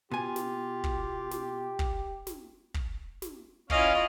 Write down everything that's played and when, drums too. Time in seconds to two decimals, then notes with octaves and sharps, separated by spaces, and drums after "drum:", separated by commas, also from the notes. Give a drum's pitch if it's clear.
0.11 B2 F4 G4 G#5
0.36 drum: snare
0.84 drum: kick
1.31 drum: snare
1.79 drum: kick
2.27 drum: snare
2.74 drum: kick
3.22 drum: snare
3.70 C#4 E4 F4 D#5 F5, drum: kick